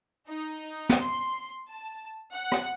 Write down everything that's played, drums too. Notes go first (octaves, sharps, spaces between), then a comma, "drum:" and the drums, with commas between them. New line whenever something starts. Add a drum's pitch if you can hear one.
D#4
drum: snare
C6
A5
F#5
drum: rim click